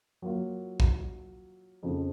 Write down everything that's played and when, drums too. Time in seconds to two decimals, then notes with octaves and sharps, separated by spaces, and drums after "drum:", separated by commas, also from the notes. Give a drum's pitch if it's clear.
0.22 F#3 A#3 F4
0.80 drum: kick A#1
1.83 F2 C#3 F3 C4